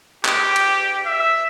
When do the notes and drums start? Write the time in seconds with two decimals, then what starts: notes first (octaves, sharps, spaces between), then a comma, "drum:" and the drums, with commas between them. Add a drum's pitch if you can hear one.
0.25 G4, drum: clap
0.56 drum: cymbal
1.06 E5